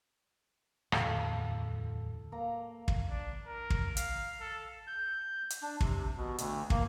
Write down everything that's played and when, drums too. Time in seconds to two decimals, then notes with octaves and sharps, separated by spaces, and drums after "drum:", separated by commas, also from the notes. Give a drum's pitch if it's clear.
0.92 D1 E2 A4 F5, drum: rim click
2.32 A#3 A#5
2.88 drum: kick
3.09 D4
3.46 A#4
3.70 drum: kick
3.97 F5, drum: hi-hat
4.41 A4
4.87 G6
5.50 drum: hi-hat
5.62 D4
5.81 C3, drum: kick
6.17 B2
6.38 D2, drum: hi-hat
6.70 A#3, drum: kick